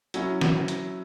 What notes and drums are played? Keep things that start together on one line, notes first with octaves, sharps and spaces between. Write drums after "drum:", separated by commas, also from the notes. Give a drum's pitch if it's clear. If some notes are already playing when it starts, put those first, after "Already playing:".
F#3 C#4 E4, drum: hi-hat
drum: snare
drum: hi-hat